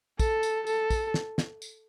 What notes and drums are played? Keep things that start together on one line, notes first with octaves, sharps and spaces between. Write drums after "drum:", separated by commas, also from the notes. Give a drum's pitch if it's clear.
A4, drum: kick, tambourine
drum: tambourine
A4, drum: tambourine
drum: kick, tambourine
drum: snare
drum: snare
drum: tambourine